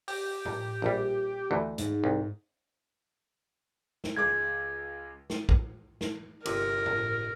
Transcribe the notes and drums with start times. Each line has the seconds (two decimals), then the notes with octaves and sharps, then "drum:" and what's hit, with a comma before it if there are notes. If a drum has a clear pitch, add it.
0.08 G4, drum: open hi-hat
0.45 drum: tom A2
0.82 A#1 G3
1.51 D2 E3
1.78 G#2, drum: hi-hat
2.04 C2
4.04 drum: snare
4.16 C#2 G#3 D6 G#6
5.30 drum: snare
5.49 drum: kick
6.01 drum: snare
6.46 G1 C3 A#4, drum: cymbal
6.86 drum: tom A2